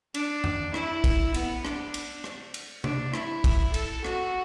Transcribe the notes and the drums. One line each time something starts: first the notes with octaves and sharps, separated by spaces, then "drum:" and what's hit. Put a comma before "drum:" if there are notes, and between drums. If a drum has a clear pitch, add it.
D4, drum: cymbal
drum: tom F2
E4, drum: rim click
drum: kick, cymbal
B3, drum: cymbal
D4, drum: rim click
drum: cymbal
drum: rim click
drum: cymbal
D4, drum: tom C3
E4, drum: rim click
drum: kick, cymbal
A4, drum: cymbal
F#4, drum: rim click